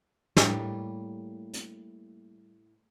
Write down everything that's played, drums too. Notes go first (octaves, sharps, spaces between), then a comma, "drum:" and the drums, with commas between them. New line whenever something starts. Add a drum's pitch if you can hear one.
A2 G3 A#3, drum: snare
drum: hi-hat